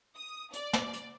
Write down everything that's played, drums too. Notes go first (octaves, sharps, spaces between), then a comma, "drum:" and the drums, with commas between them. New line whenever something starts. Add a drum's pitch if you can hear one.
D#6
D5, drum: hi-hat
drum: snare
drum: hi-hat